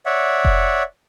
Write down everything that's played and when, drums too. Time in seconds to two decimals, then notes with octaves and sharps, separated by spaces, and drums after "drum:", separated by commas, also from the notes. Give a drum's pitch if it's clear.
0.06 C#5 D5 E5 F#5
0.45 drum: kick F1